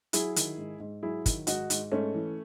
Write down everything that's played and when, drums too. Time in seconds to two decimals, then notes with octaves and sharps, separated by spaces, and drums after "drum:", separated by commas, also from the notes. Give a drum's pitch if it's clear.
0.13 F#3 E4 G#4, drum: hi-hat
0.36 D#3, drum: hi-hat
0.58 G#2
0.80 G#2
1.03 F#3 E4 G#4
1.26 D#3, drum: kick, hi-hat
1.47 G#2 D#4 F#4, drum: hi-hat
1.70 G#2, drum: hi-hat
1.92 G#2 A3 C#4
2.14 E3